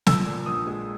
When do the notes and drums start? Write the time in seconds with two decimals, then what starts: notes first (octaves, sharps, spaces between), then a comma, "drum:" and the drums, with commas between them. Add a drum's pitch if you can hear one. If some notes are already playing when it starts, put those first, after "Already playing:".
0.07 F3 E6, drum: snare
0.26 A#2
0.46 A#1 D#6
0.67 G#3